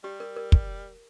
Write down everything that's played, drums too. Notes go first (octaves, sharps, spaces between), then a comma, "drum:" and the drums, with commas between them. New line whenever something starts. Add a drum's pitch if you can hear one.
G3 G4
A#4
A#4
drum: kick